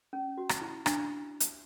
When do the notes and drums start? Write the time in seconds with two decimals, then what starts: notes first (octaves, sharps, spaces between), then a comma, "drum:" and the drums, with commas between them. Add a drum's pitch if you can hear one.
0.13 C#4
0.37 F#4
0.49 drum: rim click
0.61 E4
0.86 D4, drum: rim click
1.40 drum: hi-hat